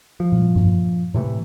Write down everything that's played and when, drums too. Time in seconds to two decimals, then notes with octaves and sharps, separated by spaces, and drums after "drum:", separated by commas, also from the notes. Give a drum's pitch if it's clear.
0.20 F3
0.32 drum: tom A#2
0.56 drum: tom G2
1.14 A2 C3 E3 A3